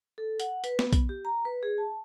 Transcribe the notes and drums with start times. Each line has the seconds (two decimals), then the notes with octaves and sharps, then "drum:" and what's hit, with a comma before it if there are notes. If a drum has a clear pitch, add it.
0.18 A4
0.40 F#5, drum: hi-hat
0.64 B4, drum: hi-hat
0.79 B3, drum: snare
0.93 drum: kick, hi-hat
1.09 G4
1.25 A#5
1.45 B4
1.63 G#4
1.78 A5